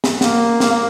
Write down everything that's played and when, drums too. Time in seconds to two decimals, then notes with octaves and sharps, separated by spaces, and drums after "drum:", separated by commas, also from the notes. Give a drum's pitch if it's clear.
0.04 drum: snare
0.21 A#3, drum: snare
0.60 drum: snare
0.71 A#3